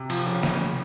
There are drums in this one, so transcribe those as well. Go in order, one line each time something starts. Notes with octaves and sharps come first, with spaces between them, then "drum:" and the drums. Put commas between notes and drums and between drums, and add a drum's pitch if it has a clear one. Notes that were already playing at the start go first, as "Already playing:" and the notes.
Already playing: C3
F3, drum: cymbal
C#3
drum: snare